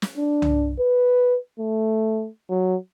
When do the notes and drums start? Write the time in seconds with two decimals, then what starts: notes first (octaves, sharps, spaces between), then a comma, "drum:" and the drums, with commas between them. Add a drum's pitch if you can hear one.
0.02 drum: snare
0.17 D4
0.42 drum: tom C2
0.79 B4
1.59 A3
2.50 F#3